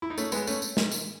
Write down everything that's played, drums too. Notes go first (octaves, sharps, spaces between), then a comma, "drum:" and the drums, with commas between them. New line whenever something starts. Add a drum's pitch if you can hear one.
E4
D#4
A3 C#4, drum: tambourine
G#3 B3, drum: tambourine
A3 C#4, drum: tambourine
drum: tambourine
drum: snare
drum: tambourine